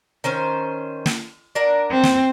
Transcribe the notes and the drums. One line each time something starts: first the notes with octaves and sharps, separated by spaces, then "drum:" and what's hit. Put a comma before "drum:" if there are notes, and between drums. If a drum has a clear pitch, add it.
D#3 C#4 C5
drum: snare
D4 A#4 F#5
C4
drum: snare